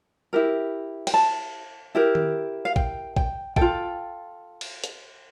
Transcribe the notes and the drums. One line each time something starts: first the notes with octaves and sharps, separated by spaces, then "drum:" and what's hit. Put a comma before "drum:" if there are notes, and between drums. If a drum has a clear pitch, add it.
E4 G4 A#4
G5, drum: cymbal
A5
E4 G4 A#4
drum: tom D#3
F5
G5, drum: kick A#1
G5, drum: kick A#1
F4 A4 G5, drum: kick A#1
drum: cymbal
drum: hi-hat